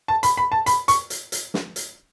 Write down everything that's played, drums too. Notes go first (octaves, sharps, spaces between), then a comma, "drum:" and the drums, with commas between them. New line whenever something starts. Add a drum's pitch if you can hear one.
A5
B5, drum: hi-hat
B5
A5
B5, drum: hi-hat
C#6, drum: hi-hat
drum: hi-hat
drum: hi-hat
drum: snare
drum: hi-hat